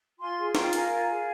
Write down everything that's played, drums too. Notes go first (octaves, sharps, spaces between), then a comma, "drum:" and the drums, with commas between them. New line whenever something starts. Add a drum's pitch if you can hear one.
F4 G#5 C6
G#4
F4 G5 A#5, drum: snare
A#4 F5 G#5, drum: hi-hat
F4
G#4